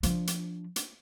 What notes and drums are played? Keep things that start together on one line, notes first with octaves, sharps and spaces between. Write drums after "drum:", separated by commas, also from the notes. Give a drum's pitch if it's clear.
F3 D4, drum: hi-hat
drum: hi-hat
drum: hi-hat